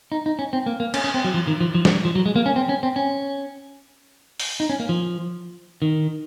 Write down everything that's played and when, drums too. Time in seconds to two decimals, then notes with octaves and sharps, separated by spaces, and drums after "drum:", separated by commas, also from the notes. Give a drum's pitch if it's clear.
0.12 D#4
0.26 D#4
0.39 C#4
0.53 C4
0.66 A#3
0.80 A#3
0.94 C#4, drum: cymbal
1.04 C#4
1.14 C4
1.24 F#3
1.34 F3
1.47 D#3
1.61 F3
1.75 F3
1.85 F3, drum: snare
2.05 F3
2.15 F#3
2.26 G#3
2.36 A#3
2.46 C#4
2.56 C4
2.69 C#4
2.83 C4
2.96 C#4
4.40 drum: open hi-hat
4.60 D#4
4.70 C#4
4.80 A#3
4.89 F3
5.82 D#3